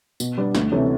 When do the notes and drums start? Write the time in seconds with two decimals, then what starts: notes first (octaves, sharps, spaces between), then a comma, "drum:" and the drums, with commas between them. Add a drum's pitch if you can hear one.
0.20 B2, drum: tambourine
0.37 G3 B3 D4
0.55 D2, drum: snare
0.72 C3 E3 A3 C#4